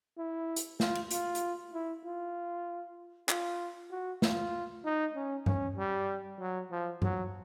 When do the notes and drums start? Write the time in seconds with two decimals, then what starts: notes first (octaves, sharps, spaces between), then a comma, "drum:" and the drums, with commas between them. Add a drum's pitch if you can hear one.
0.17 E4
0.56 drum: hi-hat
0.80 F4, drum: snare
0.95 drum: cymbal
1.11 F4, drum: hi-hat
1.35 drum: hi-hat
1.73 E4
2.04 F4
3.29 F4, drum: clap
3.91 F#4
4.22 F4, drum: snare
4.84 D#4
5.15 C#4
5.46 C#4, drum: tom G2
5.77 G3
6.39 F#3
6.71 F3
7.02 F#3, drum: tom G2